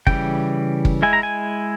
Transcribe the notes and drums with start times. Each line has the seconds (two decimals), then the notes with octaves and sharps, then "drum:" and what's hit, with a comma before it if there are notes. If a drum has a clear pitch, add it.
0.07 C#3 E3 G3 G5, drum: kick
0.85 drum: kick
1.02 G#3 E4 G#5
1.13 A#5
1.23 G#5